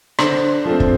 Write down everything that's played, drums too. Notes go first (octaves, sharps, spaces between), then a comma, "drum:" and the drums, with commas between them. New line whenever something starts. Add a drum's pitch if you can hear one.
D3 C5, drum: rim click
F3 A3 C4
drum: kick